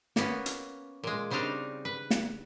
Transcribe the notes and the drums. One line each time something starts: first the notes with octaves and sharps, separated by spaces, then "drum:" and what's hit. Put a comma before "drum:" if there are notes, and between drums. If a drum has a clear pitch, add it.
A#3 B3 C#4, drum: snare
drum: hi-hat
A#2 G#3
C#3 G3 C4 D4 D#4 F5
B4
drum: snare